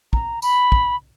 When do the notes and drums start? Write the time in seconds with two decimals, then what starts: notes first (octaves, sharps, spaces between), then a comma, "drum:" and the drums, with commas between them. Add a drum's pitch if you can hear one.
0.13 A#5, drum: kick
0.42 B5, drum: tambourine
0.72 drum: kick